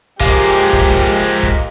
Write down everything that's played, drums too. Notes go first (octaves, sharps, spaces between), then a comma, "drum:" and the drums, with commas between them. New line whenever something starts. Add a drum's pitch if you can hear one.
F3 G#3 A#3 G4, drum: kick
drum: kick
drum: kick
drum: kick